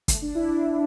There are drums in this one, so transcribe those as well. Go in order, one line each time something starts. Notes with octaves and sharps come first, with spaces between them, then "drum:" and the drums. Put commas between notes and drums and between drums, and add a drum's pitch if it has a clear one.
A3, drum: kick, hi-hat
D4
E4
D4